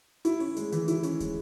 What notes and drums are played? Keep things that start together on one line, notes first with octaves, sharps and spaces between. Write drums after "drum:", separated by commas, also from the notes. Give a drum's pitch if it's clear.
E4, drum: hi-hat
C#4, drum: open hi-hat
G#3, drum: hi-hat
E3, drum: hi-hat
E4, drum: hi-hat
C#4, drum: hi-hat
G#3, drum: kick, hi-hat